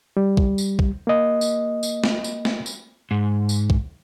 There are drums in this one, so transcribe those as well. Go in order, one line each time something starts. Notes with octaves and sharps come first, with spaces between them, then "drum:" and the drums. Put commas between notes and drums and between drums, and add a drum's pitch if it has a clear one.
G3
drum: kick
drum: tambourine
drum: kick
A#3 D#5
drum: tambourine
drum: tambourine
drum: snare
drum: tambourine
drum: snare
drum: tambourine
G#2
drum: tambourine
drum: kick